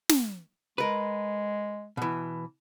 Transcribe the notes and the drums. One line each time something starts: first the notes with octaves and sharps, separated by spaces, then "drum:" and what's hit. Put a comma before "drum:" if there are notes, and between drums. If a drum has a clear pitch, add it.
drum: snare
G#3 A#4 B4
B2 E3